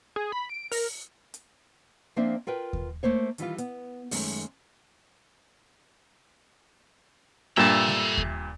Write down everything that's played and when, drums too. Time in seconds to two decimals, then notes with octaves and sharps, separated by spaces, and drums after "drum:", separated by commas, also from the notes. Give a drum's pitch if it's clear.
0.16 G#4
0.32 B5
0.49 D7
0.72 A#4, drum: open hi-hat
1.34 drum: hi-hat
2.16 F3 A#3 C4 D4 C5 E5
2.47 F4 A#4 B4 G5
2.73 drum: kick D#2
3.03 A3 A#3 C5 C#5
3.38 D#3 E3 G3 F4, drum: hi-hat
3.58 B3, drum: hi-hat
4.11 F#2 D#3 G#3 A3, drum: open hi-hat
7.57 G2 A#2 A4 E5 G5 A5
7.88 drum: snare G#3
8.17 drum: kick D#2